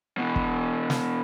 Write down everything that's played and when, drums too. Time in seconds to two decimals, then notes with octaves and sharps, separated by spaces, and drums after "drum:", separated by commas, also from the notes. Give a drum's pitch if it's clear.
0.18 B2 E3
0.36 drum: kick
0.90 drum: snare